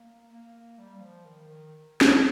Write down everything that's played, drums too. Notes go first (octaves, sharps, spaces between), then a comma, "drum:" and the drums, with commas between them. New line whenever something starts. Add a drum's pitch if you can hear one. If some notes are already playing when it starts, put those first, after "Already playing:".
Already playing: A#3
A#3
G3
G3
F3
D#3
D#3
drum: snare